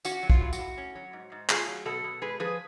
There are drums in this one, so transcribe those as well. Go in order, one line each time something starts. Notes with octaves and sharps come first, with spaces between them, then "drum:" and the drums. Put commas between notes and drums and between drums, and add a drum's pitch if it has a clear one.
C#4 F#4, drum: tambourine
F#3
F4, drum: kick
A2
F#4, drum: tambourine
A2
C#4
F#3
G#2
G#2
A3 F4 G#4, drum: clap
F#3
B2 F#4 A4
B2
G#3 G#4 B4
F3 G#4 B4